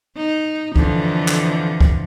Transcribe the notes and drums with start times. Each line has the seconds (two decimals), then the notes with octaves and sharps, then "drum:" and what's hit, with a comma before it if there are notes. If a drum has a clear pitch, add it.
0.17 D#4
0.76 F2 D3 E3, drum: kick C#2
1.28 drum: clap
1.81 drum: kick C#2